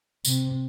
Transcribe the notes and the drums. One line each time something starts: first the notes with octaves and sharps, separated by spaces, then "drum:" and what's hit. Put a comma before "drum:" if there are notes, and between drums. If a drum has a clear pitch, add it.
C3, drum: tambourine